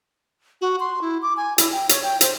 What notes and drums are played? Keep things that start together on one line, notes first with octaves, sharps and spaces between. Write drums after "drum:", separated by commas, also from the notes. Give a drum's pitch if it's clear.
F#4
C6
E4
D6
G#5
E4, drum: hi-hat
G5
C#5, drum: hi-hat
G5
C5, drum: hi-hat